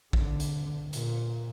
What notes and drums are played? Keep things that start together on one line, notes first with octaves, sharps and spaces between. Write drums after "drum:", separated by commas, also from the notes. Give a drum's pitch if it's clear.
D3, drum: kick
drum: hi-hat
A#2, drum: hi-hat